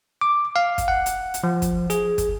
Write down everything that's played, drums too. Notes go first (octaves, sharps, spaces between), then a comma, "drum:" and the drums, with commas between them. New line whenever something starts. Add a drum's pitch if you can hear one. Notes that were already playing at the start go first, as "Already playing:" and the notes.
D6
F5
drum: kick, hi-hat
F#5
drum: hi-hat
drum: hi-hat
F3
drum: kick, hi-hat
G#4, drum: hi-hat
drum: kick, hi-hat